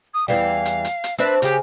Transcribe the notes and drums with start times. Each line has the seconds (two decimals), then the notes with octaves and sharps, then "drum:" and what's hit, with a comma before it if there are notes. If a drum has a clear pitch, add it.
0.14 D#6
0.28 E2 E3 G3 F5
0.65 drum: hi-hat
0.85 drum: hi-hat
1.04 drum: hi-hat
1.18 C4 D4 B4 E5
1.42 C#3 G4 G#4, drum: hi-hat